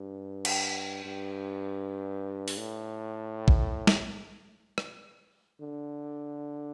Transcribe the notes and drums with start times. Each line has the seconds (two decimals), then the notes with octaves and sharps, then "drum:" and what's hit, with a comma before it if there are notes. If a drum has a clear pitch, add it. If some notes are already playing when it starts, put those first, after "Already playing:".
Already playing: G2
0.45 drum: cymbal
1.05 G2
2.48 drum: open hi-hat
2.57 A2
3.48 drum: kick A#1
3.87 drum: snare
4.78 drum: rim click
5.61 D3